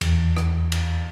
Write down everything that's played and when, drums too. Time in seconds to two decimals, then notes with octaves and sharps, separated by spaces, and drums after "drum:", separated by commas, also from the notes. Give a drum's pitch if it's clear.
0.01 E2, drum: cymbal
0.37 drum: rim click
0.72 drum: cymbal